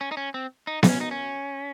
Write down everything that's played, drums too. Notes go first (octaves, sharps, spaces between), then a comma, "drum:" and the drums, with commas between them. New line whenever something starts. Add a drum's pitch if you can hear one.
C#4
D#4
C#4
C4
D#4
D#4, drum: snare B3
C#4
D#4
C#4